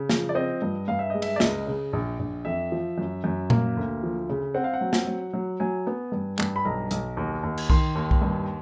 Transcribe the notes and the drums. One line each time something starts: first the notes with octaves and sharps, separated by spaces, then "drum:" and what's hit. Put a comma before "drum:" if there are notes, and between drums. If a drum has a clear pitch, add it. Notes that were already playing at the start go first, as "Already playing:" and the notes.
Already playing: C#3
F3, drum: snare
D5
C4 D#5
G2
G2 F5
E5
G#3 D#5
E5, drum: cymbal
D5
C#2 D#5, drum: snare
C#3
A#1
A#1
F2 E5
F3
F#2
F#2
A#3, drum: tom A#2
D2
F3
C#3
C4 F#5
F5
F#5
F#3
drum: snare
F#3
F#3
F#3 G#5
B3
G2
G2, drum: clap
B5
B1 A#5
B1, drum: hi-hat
D#2
D#2
drum: cymbal
D#3 C6, drum: kick B1
D#2
drum: kick B1
G2